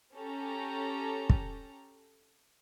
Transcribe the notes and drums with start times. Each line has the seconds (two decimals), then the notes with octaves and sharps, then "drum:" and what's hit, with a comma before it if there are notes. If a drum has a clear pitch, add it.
0.14 C#4 G4 A4 A#5
1.30 drum: kick